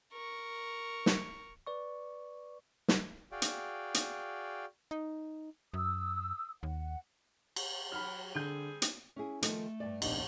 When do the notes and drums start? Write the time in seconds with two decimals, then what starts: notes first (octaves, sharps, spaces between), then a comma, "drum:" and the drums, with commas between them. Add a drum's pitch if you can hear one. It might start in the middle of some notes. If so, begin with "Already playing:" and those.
0.13 A#4 C#6
1.06 drum: snare
1.67 B4 D5 C#6
2.88 drum: snare
3.32 F#4 G#4 D5 F5 G5
3.42 drum: hi-hat
3.94 drum: hi-hat
4.91 D#4
5.74 F#2 D#6 E6
6.63 D#2 F#5
7.56 drum: cymbal
7.92 F#3 B5 F6
8.35 D3 G3 C4 G#4 G6
8.82 drum: hi-hat
9.16 C#4 E4 G#4
9.42 D#3 F3 A3 A4, drum: hi-hat
9.80 G2 A#2 D5
10.02 D1 A#1 F2 B2 D4 D#4, drum: cymbal